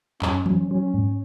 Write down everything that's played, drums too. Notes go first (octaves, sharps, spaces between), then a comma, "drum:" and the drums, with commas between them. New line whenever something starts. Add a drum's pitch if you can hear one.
F#2 C#4, drum: clap
F#3, drum: tom E3
F#3 C#4
G#2